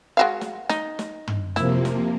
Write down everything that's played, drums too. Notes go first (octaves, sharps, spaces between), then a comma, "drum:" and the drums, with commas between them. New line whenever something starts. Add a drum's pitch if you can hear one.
G#3 F#4 F5
drum: snare
D#4, drum: snare
drum: snare
drum: tom
C3 F3 A#3 E4, drum: snare
drum: snare